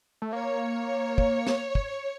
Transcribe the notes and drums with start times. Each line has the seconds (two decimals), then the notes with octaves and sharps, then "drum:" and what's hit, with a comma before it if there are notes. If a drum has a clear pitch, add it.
0.22 A3
0.32 A#3 C#5
1.18 drum: kick
1.47 drum: snare
1.75 drum: kick